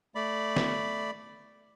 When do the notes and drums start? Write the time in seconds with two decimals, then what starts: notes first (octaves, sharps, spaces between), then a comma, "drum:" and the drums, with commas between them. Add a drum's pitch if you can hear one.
0.15 A3 D5 B5
0.56 drum: snare